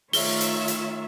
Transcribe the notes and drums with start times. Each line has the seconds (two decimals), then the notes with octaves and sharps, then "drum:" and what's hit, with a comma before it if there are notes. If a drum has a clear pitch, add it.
0.13 D#3 A3 F4 C#5 E5 G7, drum: open hi-hat
0.41 drum: hi-hat
0.68 drum: hi-hat